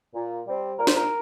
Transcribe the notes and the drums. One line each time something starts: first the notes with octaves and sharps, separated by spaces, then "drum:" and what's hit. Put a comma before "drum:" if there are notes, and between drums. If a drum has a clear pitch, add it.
A#2
G3 C4
A#2 A#4
C5, drum: snare
A#4